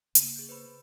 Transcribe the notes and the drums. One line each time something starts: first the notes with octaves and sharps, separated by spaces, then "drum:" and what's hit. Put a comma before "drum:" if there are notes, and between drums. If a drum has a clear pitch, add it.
C#3 A#3 B3, drum: hi-hat
G#4 G6
B4 C5 B5